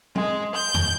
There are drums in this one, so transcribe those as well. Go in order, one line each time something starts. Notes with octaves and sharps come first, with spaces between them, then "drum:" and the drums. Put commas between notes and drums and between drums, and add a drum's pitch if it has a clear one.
G#3, drum: tom F#3
G6
drum: tom E2